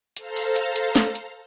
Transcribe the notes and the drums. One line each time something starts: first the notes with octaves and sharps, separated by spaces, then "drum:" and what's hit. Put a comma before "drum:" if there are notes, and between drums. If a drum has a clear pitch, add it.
A4 C5 F5 A#5, drum: hi-hat
drum: open hi-hat
drum: hi-hat
drum: hi-hat
drum: snare
drum: hi-hat